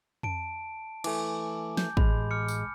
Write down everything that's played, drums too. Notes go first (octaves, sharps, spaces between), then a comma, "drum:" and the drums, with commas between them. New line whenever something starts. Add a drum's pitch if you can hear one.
A5 D7, drum: tom F2
E3 A3 G#5 D6, drum: cymbal
G6, drum: snare
A1 G#3 B5, drum: kick
D6 F6 C#7
drum: tambourine